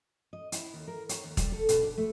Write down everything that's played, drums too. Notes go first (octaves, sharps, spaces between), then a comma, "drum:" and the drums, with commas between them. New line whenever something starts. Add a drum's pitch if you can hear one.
D#5
E4, drum: hi-hat
D#2
A#4
C#5, drum: hi-hat
D#2
G3, drum: kick, hi-hat
A4
B2, drum: hi-hat
D4
A3